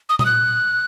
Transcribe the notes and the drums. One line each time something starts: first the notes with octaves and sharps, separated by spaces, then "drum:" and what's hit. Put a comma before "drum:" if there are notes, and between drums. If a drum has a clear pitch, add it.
D#6
D#6, drum: tom A#2
F#6